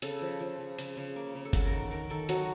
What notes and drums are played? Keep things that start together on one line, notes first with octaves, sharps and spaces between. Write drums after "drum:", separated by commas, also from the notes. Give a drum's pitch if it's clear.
C#3 A4, drum: hi-hat
F3
F3
C#3
C#3, drum: hi-hat
C#3
A#3
C#3
A4
F#3 F#4, drum: kick G1, hi-hat
A#4
D#3 A4
D#3 A#4
D#3 A4
F#3 F#4, drum: hi-hat